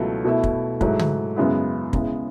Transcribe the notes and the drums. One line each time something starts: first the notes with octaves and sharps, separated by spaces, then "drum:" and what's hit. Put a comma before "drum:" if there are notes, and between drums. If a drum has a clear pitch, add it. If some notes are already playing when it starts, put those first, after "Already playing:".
Already playing: C#2 B2 F#3 A3 E4
B2 A3 E4
drum: kick
G#2 F#3 A3 E4, drum: kick
drum: tom
F#2 C#3 G#3 B3 E4
C#3 G#3 B3 E4, drum: kick